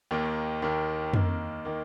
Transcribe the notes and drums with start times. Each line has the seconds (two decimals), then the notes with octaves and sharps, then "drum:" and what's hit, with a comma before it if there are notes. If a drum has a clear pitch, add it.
0.11 D#2 D#3 A#3
0.62 D#2 D#3 A#3
1.14 D#2 D#3 A#3, drum: tom
1.65 D#3 A#3